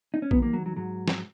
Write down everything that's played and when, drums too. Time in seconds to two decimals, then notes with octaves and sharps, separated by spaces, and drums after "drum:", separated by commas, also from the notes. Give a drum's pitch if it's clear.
0.14 D#4
0.22 C#4
0.31 E2 D#3 F#3 B3, drum: kick A#1
0.42 A#3
0.53 F#3
0.66 F#3
0.76 G#2 F#3
1.08 drum: snare